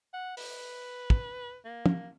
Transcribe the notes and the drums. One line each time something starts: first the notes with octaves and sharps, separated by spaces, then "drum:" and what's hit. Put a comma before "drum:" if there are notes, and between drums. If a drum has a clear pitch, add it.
F#5
B4, drum: open hi-hat
drum: kick
A#3
drum: tom